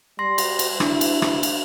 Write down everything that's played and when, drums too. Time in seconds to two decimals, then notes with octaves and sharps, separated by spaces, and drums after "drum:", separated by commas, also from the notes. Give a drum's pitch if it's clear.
0.19 G3 C6 A#6
0.38 drum: cymbal
0.59 drum: cymbal
0.80 D4 E4, drum: rim click
1.01 drum: cymbal
1.22 drum: rim click
1.43 drum: cymbal